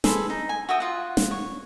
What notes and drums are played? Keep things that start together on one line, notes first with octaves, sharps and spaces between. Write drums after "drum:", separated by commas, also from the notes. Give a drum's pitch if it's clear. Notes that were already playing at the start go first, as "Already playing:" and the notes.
G#4 A4 B4 C6, drum: snare
D#4
G#5
F#4 E5 G5 D#6
F4 F#5
drum: snare
C#5